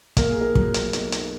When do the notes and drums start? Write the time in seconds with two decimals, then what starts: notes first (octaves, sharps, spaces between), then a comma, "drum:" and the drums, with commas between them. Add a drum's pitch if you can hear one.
0.17 A#3 A#4, drum: kick, hi-hat
0.29 G#4
0.41 A#4
0.55 F#3, drum: kick
0.74 drum: hi-hat
0.93 B1, drum: hi-hat
1.12 drum: hi-hat